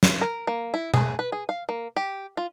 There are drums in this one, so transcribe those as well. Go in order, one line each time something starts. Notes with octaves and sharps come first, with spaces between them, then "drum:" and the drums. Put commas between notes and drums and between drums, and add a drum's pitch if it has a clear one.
drum: snare
A#4
A#3
E4
G#4, drum: tom B2
B4
G#4
F5
A#3
G4
F4